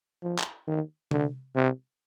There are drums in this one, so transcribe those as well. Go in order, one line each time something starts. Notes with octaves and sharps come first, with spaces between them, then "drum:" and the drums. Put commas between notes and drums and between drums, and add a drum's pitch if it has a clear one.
F3
drum: clap
D#3
D3, drum: tom C3
C3